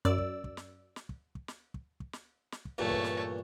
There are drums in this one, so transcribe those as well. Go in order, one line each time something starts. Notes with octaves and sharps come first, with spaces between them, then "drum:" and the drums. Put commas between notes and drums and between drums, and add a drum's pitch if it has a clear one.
F#2 D5 E6
drum: kick
drum: kick
drum: snare
drum: snare
drum: kick
drum: kick
drum: snare
drum: kick
drum: kick
drum: snare
drum: snare
drum: kick
E2 G2 A#2 A3 C#5
drum: kick
drum: snare